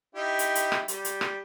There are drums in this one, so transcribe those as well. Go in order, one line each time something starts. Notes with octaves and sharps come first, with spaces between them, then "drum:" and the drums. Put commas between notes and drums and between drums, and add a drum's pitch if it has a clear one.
D#4 E4 G4
drum: hi-hat
drum: hi-hat
drum: rim click
G3, drum: hi-hat
drum: hi-hat
drum: rim click